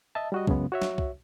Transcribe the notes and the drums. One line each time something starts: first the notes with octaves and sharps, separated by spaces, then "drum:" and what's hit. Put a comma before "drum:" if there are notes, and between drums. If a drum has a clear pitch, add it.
D#5 E5 A5
G3 F#4 D#5
F#2 C#3 G#3 B3, drum: kick C2
F#4 C#5 E5
drum: snare
drum: kick C2